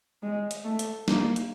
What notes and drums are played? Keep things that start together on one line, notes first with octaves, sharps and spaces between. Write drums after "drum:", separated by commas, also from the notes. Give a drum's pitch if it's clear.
G#3
drum: hi-hat
A3
drum: hi-hat
A#3, drum: snare
drum: hi-hat